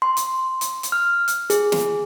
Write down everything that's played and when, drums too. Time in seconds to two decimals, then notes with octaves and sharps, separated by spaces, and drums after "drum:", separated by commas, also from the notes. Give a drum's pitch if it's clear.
0.02 C6
0.17 drum: hi-hat
0.61 drum: hi-hat
0.83 drum: hi-hat
0.92 F6
1.28 drum: hi-hat
1.50 G#4, drum: hi-hat
1.72 drum: snare